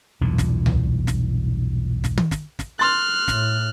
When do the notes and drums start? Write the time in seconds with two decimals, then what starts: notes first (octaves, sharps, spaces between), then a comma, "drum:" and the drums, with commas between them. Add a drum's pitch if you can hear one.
0.21 B1 E2 G2 A#2
0.38 drum: snare
0.66 drum: tom C#2
1.07 drum: snare
2.04 drum: snare
2.18 drum: tom D#3
2.31 drum: snare
2.59 drum: snare
2.79 C6 F6 F#6 A6
3.28 A2, drum: snare